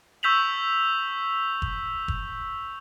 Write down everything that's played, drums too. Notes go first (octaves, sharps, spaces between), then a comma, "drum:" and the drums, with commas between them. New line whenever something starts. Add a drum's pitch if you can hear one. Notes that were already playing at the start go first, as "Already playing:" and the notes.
C#6 E6 G6 B6 F7 F#7
drum: kick
drum: kick